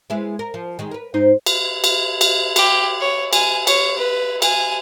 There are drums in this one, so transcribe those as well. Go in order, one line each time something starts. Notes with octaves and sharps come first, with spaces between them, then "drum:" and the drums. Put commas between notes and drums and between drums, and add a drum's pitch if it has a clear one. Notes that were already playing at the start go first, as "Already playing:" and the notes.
G#3 B3 E4
A#4
F3
D#3 G#3 G#4
A#4 B4
G#2 C4 D#4
drum: cymbal
drum: cymbal
drum: cymbal
G4, drum: cymbal
C#5
G#5, drum: cymbal
C#5, drum: cymbal
B4
G#5, drum: cymbal